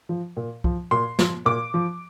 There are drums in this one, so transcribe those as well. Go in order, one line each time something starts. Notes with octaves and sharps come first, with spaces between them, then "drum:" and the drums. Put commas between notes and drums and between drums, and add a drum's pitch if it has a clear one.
F3
A#2
F3, drum: kick C2
A#2 C6
F3, drum: snare
A#2 D6
F3